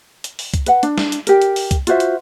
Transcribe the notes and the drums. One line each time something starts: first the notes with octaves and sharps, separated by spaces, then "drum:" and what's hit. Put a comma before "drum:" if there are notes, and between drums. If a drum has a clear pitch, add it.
drum: hi-hat
drum: open hi-hat
drum: kick C2, hi-hat
B4 F#5, drum: hi-hat
D4, drum: hi-hat
drum: snare
drum: hi-hat
G4 A#4, drum: hi-hat
drum: hi-hat
drum: open hi-hat
drum: kick C2, hi-hat
F4 F#4 C5 E5, drum: hi-hat
drum: hi-hat